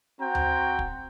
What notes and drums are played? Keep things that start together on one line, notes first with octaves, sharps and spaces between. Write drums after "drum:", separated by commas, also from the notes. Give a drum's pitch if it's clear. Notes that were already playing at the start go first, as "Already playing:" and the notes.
C4 F#4 G5 A#5
drum: tom D2
drum: kick